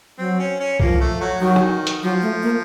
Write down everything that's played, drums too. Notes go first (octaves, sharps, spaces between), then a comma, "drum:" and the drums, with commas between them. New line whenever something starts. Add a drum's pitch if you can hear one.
F#3 C4
C#4
C#4
F3 A#3, drum: kick B1
A3
F#3
D#3 F#3
drum: rim click
drum: hi-hat
F3 F#3
A3
A#3